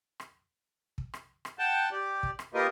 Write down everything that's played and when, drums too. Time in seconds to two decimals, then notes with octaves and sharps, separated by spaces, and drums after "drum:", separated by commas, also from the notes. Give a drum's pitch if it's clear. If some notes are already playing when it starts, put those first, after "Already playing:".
0.20 drum: rim click
0.98 drum: kick
1.14 drum: rim click
1.45 drum: rim click
1.59 F#5 G5 A5
1.92 G4 D5
2.23 drum: kick
2.39 drum: rim click
2.54 A#3 F4 G4 A#4 B4 D#5